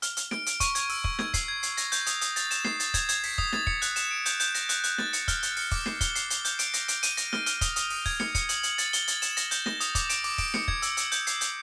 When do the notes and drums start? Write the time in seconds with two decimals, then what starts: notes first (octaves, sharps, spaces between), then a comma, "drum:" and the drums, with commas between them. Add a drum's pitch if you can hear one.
0.02 F6, drum: hi-hat
0.17 F6, drum: hi-hat
0.31 D7, drum: snare
0.46 D7, drum: hi-hat
0.60 C#6, drum: kick, hi-hat
0.75 G#6, drum: hi-hat
0.90 E6, drum: open hi-hat
1.04 C#6, drum: kick
1.19 G#6, drum: snare
1.34 C7, drum: kick, hi-hat
1.48 G#6
1.63 C7, drum: hi-hat
1.77 A#6, drum: hi-hat
1.92 G6, drum: hi-hat
2.06 D#6, drum: hi-hat
2.21 D#6, drum: hi-hat
2.36 A6, drum: hi-hat
2.51 E7, drum: hi-hat
2.65 C7, drum: snare
2.80 A6, drum: hi-hat
2.94 G#6, drum: kick, hi-hat
3.09 G#6, drum: hi-hat
3.24 B6, drum: open hi-hat
3.38 D#6, drum: kick
3.53 A6, drum: snare
3.67 C#7, drum: kick
3.82 F#6, drum: hi-hat
3.96 E7, drum: hi-hat
4.11 D7
4.26 G6, drum: hi-hat
4.40 G6, drum: hi-hat
4.55 A#6, drum: hi-hat
4.69 F#6, drum: hi-hat
4.84 F#6, drum: hi-hat
4.98 A6, drum: snare
5.13 C#7, drum: hi-hat
5.28 F6, drum: kick, hi-hat
5.43 A6, drum: hi-hat
5.57 C#7, drum: open hi-hat
5.72 D6, drum: kick, open hi-hat
5.86 C7, drum: snare
6.01 G7, drum: kick, hi-hat
6.15 C7, drum: hi-hat
6.30 G7, drum: hi-hat
6.45 G6, drum: hi-hat
6.59 D7, drum: hi-hat
6.74 A#6, drum: hi-hat
6.88 D7, drum: hi-hat
7.03 D#7, drum: hi-hat
7.17 A#6, drum: hi-hat
7.33 F6, drum: snare
7.46 F6, drum: hi-hat
7.61 D#6, drum: kick, hi-hat
7.76 D#6, drum: hi-hat
7.90 D#6, drum: open hi-hat
8.06 G#6, drum: kick, open hi-hat
8.20 C#7, drum: snare
8.35 C#7, drum: kick, hi-hat
8.49 F#7, drum: hi-hat
8.63 F#7, drum: hi-hat
8.78 A6, drum: hi-hat
8.93 G7, drum: hi-hat
9.08 A6, drum: hi-hat
9.22 E7, drum: hi-hat
9.37 A#6, drum: hi-hat
9.51 G6, drum: hi-hat
9.66 A#6, drum: snare
9.80 D#6, drum: hi-hat
9.95 D6, drum: kick, hi-hat
10.09 D7, drum: hi-hat
10.24 D6, drum: open hi-hat
10.38 D7, drum: kick, open hi-hat
10.54 C#7, drum: snare
10.68 G#6, drum: kick
10.82 E6, drum: hi-hat
10.97 E6, drum: hi-hat
11.12 G6, drum: hi-hat
11.27 C7, drum: hi-hat
11.41 G6, drum: hi-hat